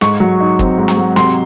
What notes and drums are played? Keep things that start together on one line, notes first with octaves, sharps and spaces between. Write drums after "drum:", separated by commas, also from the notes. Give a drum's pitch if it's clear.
G#2 C#6, drum: snare
F#3
D#4
C4, drum: kick
G#2
drum: snare
F#3
C3 C6, drum: snare